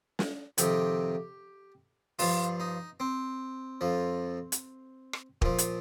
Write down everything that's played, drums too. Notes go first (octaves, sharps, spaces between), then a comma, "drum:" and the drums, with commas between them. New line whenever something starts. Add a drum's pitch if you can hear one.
drum: snare
F2 C3 D#3 G4, drum: hi-hat
G2 F3 F4, drum: open hi-hat
D#4
C4
F2 F3
drum: hi-hat
drum: rim click
A#2 F3, drum: kick
drum: hi-hat